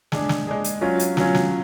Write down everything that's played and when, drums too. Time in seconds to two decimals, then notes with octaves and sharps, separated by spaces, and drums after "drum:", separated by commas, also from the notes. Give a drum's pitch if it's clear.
0.12 G#3 D4 G#4, drum: snare
0.29 drum: snare
0.47 G#3 D4 G#4
0.64 drum: hi-hat
0.81 F#3 C#4 F4
0.99 drum: hi-hat
1.17 F#3 C#4 F4, drum: snare
1.35 drum: snare